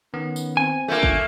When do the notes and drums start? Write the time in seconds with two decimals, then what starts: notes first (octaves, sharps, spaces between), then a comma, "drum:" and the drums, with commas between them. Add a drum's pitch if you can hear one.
0.14 D#3 B3 C#4
0.36 drum: tambourine
0.57 C4 G#5
0.88 A3 A#3 D4 F4
1.03 drum: kick